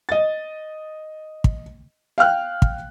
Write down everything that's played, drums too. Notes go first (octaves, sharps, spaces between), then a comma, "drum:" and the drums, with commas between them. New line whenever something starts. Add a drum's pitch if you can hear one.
D#5 A6
drum: kick
F5 G5 F6 F#6
drum: kick